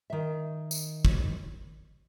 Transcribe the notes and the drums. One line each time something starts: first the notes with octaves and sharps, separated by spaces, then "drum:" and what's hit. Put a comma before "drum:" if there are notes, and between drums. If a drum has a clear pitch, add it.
D#3 E5
drum: tambourine
drum: kick